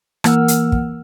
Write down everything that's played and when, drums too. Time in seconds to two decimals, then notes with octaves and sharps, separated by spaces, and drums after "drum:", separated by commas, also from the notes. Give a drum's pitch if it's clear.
0.24 E3 A#3 A#4 F#5 E6 F6, drum: rim click
0.48 drum: hi-hat
0.72 drum: kick